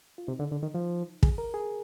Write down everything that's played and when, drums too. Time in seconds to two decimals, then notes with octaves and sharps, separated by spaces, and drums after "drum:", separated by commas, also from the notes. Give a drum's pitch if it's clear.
0.18 F4
0.27 C3 D#4
0.39 D3
0.51 D3
0.63 D#3
0.74 F3
1.23 G#4, drum: kick
1.38 A#4
1.54 G#4